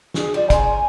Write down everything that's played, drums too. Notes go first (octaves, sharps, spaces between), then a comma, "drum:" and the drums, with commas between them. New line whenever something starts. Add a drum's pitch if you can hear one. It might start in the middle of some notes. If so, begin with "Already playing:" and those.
G#4, drum: snare
G3 F4
C#3 A#4 C5 G#5, drum: kick, hi-hat